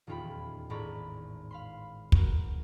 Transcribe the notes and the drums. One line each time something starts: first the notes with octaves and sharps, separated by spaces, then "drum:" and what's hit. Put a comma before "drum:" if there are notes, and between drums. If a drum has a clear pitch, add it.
D#1 E2 C#4 F4 G5 B5
G#1 A2 D5 A#5 B5 C#6
F5 B5 C6
B3 F#4 A#4, drum: kick